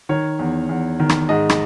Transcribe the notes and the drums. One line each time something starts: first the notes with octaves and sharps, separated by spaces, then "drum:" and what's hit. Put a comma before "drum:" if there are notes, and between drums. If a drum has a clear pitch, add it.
D#3 C#5
E2
E2
D#3
drum: rim click
G#2 D#5
drum: rim click